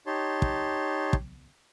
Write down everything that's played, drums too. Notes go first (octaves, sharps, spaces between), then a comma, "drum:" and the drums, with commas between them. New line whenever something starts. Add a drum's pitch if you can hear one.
D#4 G4 C#5 A5 C6
drum: kick
drum: kick